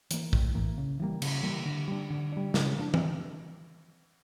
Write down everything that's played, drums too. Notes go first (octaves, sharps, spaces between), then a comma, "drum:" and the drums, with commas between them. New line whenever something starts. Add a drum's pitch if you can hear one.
E3 A#3, drum: hi-hat
A2, drum: kick A#1
E3 A#3
C#3
E3 G3 A#3
C#3, drum: cymbal
E3 G3 A#3
D3
G3 D4
D3
G3 D4
C#3, drum: snare
F3 A#3 D4
drum: tom E3